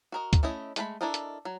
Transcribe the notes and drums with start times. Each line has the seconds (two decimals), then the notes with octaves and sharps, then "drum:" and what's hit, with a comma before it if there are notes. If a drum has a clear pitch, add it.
0.12 F#4 A#4 D#5
0.33 drum: kick C#2, hi-hat
0.43 A3 C#4 E4 D#5
0.76 G#3 A3 A#4 B5, drum: hi-hat
1.01 D4 E4 A4 A#4 D#5
1.14 drum: hi-hat
1.45 F#3